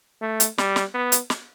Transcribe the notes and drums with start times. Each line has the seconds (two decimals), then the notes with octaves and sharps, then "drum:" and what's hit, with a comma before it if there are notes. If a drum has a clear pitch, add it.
0.22 A3
0.40 drum: hi-hat
0.58 G3, drum: snare
0.76 drum: snare
0.94 B3
1.12 drum: hi-hat
1.30 drum: snare